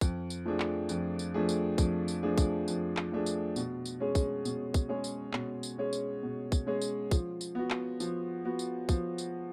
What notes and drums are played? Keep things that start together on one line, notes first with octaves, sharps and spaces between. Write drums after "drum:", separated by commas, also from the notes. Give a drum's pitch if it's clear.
F2, drum: kick, tambourine
drum: tambourine
F3 A3 D4 G#4
drum: clap
F2, drum: tambourine
drum: tambourine
F3 A3 D4 G#4
drum: tambourine
F2, drum: kick, tambourine
drum: tambourine
F3 A3 D4 G#4
drum: kick, tambourine
F2, drum: tambourine
drum: clap
F3 A3 D4 G#4
drum: tambourine
B2, drum: tambourine
drum: tambourine
G#3 C#4 G#4 C#5
drum: kick, tambourine
B2, drum: tambourine
drum: kick, tambourine
G#3 C#4 G#4 C#5
drum: tambourine
B2, drum: clap
drum: tambourine
G#3 C#4 G#4 C#5
drum: tambourine
B2
drum: kick, tambourine
G#3 C#4 G#4 C#5
drum: tambourine
F3, drum: kick, tambourine
drum: tambourine
B3 F#4
drum: clap
F3, drum: tambourine
B3 F#4
drum: tambourine
F3, drum: kick, tambourine
drum: tambourine